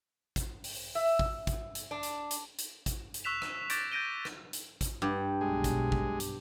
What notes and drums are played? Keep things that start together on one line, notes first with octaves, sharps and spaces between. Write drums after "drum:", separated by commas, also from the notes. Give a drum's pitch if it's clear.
drum: kick, hi-hat
drum: open hi-hat
E5
drum: kick
drum: kick, hi-hat
drum: hi-hat
D4
drum: hi-hat
drum: hi-hat
drum: hi-hat
drum: kick, hi-hat
drum: hi-hat
C#6 E6 F#6 B6 E7 F7
drum: rim click
C#6 D6 G6 A6 A#6 D7, drum: hi-hat
G6 A6 A#6 D7 D#7 G7
drum: rim click
drum: hi-hat
drum: kick, hi-hat
G2 G4
B1 G#3
drum: kick, hi-hat
drum: kick
drum: hi-hat